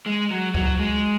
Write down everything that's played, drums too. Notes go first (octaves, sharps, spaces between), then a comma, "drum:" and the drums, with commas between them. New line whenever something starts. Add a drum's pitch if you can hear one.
G#3
F#3
F#3, drum: kick C#2
G#3